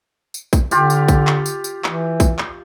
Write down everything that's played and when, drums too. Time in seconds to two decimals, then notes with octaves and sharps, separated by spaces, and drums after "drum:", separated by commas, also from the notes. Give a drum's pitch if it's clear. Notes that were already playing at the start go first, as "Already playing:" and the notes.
0.34 drum: tambourine
0.53 drum: kick, tambourine
0.71 D3 F4 G4, drum: tambourine
0.90 drum: tambourine
1.08 drum: kick, tambourine
1.27 drum: clap
1.46 drum: tambourine
1.64 drum: tambourine
1.84 E3, drum: clap
2.20 drum: kick, tambourine
2.39 drum: clap